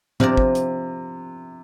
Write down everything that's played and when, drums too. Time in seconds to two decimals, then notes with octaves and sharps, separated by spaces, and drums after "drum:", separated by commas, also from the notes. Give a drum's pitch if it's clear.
0.20 C3 F3 D4 A#4 D5, drum: tom A2
0.37 drum: kick
0.55 drum: hi-hat